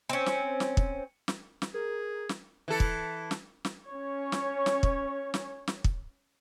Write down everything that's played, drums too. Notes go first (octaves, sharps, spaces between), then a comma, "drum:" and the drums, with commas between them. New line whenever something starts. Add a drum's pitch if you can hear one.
C4 C#4
drum: snare
drum: snare
drum: kick
drum: snare
drum: snare
G#4 A#4
drum: snare
E3 A4
drum: kick
drum: snare
drum: snare
C#4 C#5
drum: snare
drum: snare
drum: kick
drum: snare
drum: snare
drum: kick